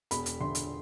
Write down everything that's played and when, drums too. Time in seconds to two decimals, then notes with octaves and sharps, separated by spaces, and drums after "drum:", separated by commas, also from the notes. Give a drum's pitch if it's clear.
0.11 E1 B5, drum: hi-hat
0.26 drum: hi-hat
0.40 D3 C6
0.55 drum: hi-hat